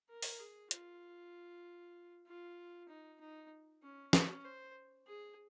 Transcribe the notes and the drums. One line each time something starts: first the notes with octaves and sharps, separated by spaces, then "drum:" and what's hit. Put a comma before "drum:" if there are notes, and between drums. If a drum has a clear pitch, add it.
A#4
drum: open hi-hat
G#4
F4, drum: hi-hat
F4
D#4
D#4
C#4
C#4, drum: snare
C5
G#4